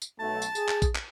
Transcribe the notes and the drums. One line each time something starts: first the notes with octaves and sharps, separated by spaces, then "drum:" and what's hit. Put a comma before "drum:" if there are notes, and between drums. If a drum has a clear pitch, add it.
drum: tambourine
B1 A3 A5
drum: tambourine
G#4, drum: tambourine
drum: clap
drum: kick A#1, tambourine
drum: clap